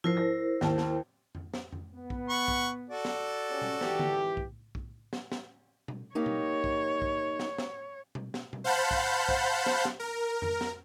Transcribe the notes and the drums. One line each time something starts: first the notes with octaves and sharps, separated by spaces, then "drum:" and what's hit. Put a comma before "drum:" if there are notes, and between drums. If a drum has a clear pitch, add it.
F3 E4 A#4 C5
A#6
D#2 A5, drum: snare
drum: snare
drum: tom F2
drum: snare
drum: tom F2
B3
drum: kick
F#5 B5 C#6
drum: kick
F#4 A4 D5
drum: snare
C#4 G4
drum: tom B2
G#1 E3 G4, drum: snare
drum: tom D3
drum: kick
drum: kick
drum: snare
drum: snare
drum: tom B2
A#3 D#4 G4 C#5
drum: tom B2
drum: kick
drum: kick
drum: snare
drum: snare
drum: tom B2
drum: snare
drum: tom B2
C5 F5 F#5 A5 B5 G6
drum: kick
drum: kick
drum: snare
drum: snare
A#4
drum: tom F2
drum: snare